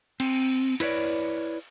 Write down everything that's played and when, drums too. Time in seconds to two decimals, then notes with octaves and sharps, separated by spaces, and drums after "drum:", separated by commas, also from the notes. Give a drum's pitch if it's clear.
0.20 C4, drum: cymbal
0.80 E4 B4 C#5 D5, drum: cymbal